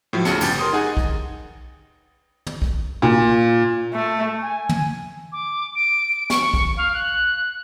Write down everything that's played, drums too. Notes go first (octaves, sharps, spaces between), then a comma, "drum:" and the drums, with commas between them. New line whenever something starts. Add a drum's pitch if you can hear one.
A2 F3 F#3
D2 C#3 A5 C#7, drum: snare
G1 G4 A6, drum: cymbal
A#4 C6 D#6
D#4 G#4 F#5 G#5
drum: kick
drum: tom
drum: kick
A#2
A3
G#5
drum: tom
D6
D7
C#6, drum: snare
drum: kick
F5
F#6